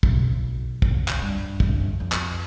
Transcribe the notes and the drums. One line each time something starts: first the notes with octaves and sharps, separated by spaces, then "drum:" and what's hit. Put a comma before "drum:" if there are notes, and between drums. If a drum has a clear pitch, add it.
B1, drum: kick
drum: kick
drum: clap
G2
G1, drum: kick
F2
drum: clap